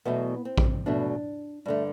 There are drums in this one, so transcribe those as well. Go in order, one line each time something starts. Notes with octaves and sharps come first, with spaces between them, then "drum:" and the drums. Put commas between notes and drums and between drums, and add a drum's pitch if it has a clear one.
E2 B2 F#3 A3 B3
C4
drum: kick A#1
E2 B2 F#3 A3 D4
G2 D3 A3